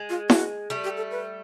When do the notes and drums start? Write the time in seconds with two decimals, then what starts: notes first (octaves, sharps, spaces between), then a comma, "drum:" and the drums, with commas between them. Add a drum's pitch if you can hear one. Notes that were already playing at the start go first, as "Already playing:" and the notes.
Already playing: G#3
0.09 F4
0.30 F#4, drum: snare E4
0.70 G3 A3
0.84 G4
0.97 A4
1.11 B4